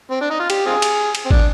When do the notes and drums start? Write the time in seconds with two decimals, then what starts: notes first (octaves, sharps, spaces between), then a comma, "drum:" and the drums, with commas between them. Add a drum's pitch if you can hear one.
0.11 C4
0.21 D4
0.30 D#4
0.40 F4
0.50 G4, drum: cymbal
0.66 C4 F4 G#4
0.82 drum: cymbal
1.15 drum: cymbal
1.25 C4
1.31 D4, drum: kick G#1